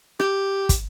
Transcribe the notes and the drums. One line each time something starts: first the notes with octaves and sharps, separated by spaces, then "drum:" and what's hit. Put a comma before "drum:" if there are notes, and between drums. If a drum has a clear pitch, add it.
G4, drum: rim click
drum: kick, hi-hat